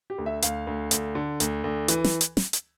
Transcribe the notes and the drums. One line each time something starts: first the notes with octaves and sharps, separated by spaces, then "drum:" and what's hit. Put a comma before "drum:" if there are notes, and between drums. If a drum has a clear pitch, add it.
G4
D2
E5
D2 F5, drum: hi-hat
D2
D2, drum: hi-hat
D3
D2, drum: hi-hat
D2
E3, drum: hi-hat
drum: snare
drum: hi-hat
drum: snare
drum: hi-hat